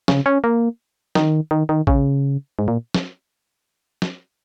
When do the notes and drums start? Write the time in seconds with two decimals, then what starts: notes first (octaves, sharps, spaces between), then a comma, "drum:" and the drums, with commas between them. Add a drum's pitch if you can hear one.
0.08 C#3, drum: snare
0.26 C#4
0.44 A#3
1.15 D#3, drum: snare
1.51 D#3
1.69 D#3
1.87 C#3, drum: kick A1
2.59 G#2
2.68 A#2
2.94 drum: snare
4.02 drum: snare